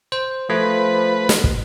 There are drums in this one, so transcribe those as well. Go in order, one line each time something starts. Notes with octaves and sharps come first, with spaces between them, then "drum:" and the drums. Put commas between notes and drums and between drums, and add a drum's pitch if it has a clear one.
C5
F3 A3 B4
drum: snare
drum: kick